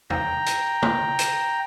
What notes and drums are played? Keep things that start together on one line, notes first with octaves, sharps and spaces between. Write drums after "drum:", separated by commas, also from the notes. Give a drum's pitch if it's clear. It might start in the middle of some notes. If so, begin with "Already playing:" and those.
G5 A#5, drum: tom
drum: hi-hat
drum: tom
drum: hi-hat